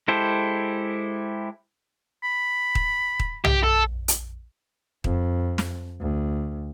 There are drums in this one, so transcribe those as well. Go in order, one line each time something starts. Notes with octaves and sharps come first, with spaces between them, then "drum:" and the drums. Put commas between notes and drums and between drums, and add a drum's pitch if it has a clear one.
G#3 E4 G4 A4 C5
B5
drum: kick D#1
drum: kick D#1
G4, drum: tom
A4
drum: hi-hat
F2, drum: kick D#1
drum: snare
D2